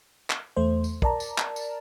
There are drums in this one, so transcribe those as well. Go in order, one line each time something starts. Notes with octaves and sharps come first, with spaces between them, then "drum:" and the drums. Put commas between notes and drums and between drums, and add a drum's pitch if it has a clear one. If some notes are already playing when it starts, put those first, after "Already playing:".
drum: clap
E2 A3 C5
drum: tambourine
A#4 D5 A5 A#5, drum: kick
drum: tambourine
drum: clap
drum: tambourine